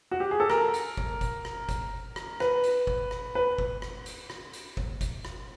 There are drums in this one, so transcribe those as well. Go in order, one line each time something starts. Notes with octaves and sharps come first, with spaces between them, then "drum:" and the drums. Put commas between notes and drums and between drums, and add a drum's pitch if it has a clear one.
F#4
G4
G#4
A4
A#4, drum: rim click
drum: hi-hat
drum: kick F#1
drum: kick F#1, hi-hat
drum: rim click
drum: kick F#1, hi-hat
drum: rim click
B4, drum: rim click
drum: hi-hat
drum: kick F#1
drum: rim click
B4
drum: kick F#1
drum: rim click
drum: hi-hat
drum: rim click
drum: hi-hat
drum: kick F#1
drum: kick F#1, hi-hat
drum: rim click